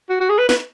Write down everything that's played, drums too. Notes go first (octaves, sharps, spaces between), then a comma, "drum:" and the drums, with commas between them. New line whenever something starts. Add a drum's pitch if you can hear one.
F#4
F#4
G#4
B4
B4, drum: snare